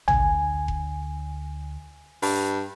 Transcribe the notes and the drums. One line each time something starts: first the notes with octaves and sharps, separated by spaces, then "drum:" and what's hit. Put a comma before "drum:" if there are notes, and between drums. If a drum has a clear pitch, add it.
D2 G#5, drum: tom
drum: kick F1
G2, drum: open hi-hat